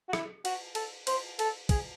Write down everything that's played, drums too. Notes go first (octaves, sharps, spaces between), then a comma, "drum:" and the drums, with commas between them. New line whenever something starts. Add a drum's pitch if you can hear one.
F#4
E4, drum: rim click
F#4, drum: cymbal
A4, drum: cymbal
C5, drum: cymbal
A4, drum: cymbal
G#4, drum: kick, cymbal